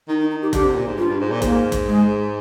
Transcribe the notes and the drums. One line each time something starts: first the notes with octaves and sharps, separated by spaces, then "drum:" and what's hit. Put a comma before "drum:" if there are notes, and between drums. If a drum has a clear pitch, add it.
D#3 D#4
D#4
D#4
G4
D3 G4, drum: kick, hi-hat
C3
A#2
G#2
G2 F4
G2
G#2
A#2
G#2 A#3, drum: kick, hi-hat
drum: kick, hi-hat
G#3